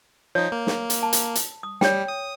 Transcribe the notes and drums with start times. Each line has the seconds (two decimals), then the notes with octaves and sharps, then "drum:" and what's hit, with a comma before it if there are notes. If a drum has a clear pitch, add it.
0.35 F3 D#4 C#5
0.52 A#3
0.67 drum: snare
0.90 drum: hi-hat
1.03 A5
1.13 drum: hi-hat
1.35 drum: hi-hat
1.63 D#6
1.81 G3 C#5 G5, drum: snare
2.08 D#6